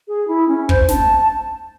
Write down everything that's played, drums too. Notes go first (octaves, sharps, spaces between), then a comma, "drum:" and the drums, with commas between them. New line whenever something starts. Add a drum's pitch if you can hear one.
G#4
E4
C#4
C5, drum: kick
A5, drum: snare